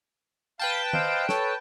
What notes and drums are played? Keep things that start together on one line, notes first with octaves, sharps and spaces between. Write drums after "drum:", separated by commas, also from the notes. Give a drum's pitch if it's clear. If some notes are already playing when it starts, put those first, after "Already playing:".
B4 F5 G5 A5 G6
C5 D#5 F5, drum: tom D#3
A4 C#5, drum: snare